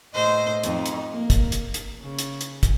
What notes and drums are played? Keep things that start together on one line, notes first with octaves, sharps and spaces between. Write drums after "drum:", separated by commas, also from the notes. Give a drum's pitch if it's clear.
A2 C5 D#5
F2 D#4, drum: hi-hat
drum: hi-hat
A#3
drum: kick, hi-hat
drum: hi-hat
drum: hi-hat
C#3
drum: hi-hat
drum: hi-hat
drum: kick, hi-hat